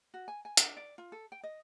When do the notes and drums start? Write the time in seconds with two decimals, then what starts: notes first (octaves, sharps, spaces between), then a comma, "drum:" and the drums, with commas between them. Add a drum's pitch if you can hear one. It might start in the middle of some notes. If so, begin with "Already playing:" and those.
0.14 F#4
0.28 G#5
0.45 G#5
0.57 D4, drum: hi-hat
0.77 D5
0.98 F4
1.12 A4
1.32 G5
1.43 D#5